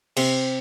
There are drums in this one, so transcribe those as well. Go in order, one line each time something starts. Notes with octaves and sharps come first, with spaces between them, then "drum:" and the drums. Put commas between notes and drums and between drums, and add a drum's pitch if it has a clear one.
C3, drum: cymbal